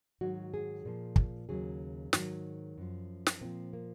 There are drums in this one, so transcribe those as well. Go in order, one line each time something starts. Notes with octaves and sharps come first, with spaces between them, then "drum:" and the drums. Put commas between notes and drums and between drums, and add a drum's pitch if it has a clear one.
G#2 D#3 F#3 F#4
G#4
A#2 F3
drum: kick
D#2 C#3 F#3 G#4
G#2 D#3 F#3, drum: snare
F#2 F3
drum: snare
A#2 F3 C4
A#3